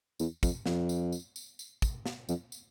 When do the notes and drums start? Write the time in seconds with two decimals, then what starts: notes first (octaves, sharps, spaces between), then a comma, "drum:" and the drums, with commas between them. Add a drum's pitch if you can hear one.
0.20 E2, drum: tambourine
0.43 F2, drum: kick, tambourine
0.66 F2, drum: snare
0.89 drum: tambourine
1.12 drum: tambourine
1.36 drum: tambourine
1.59 drum: tambourine
1.82 drum: kick, tambourine
2.06 drum: snare
2.29 F2, drum: tambourine
2.52 drum: tambourine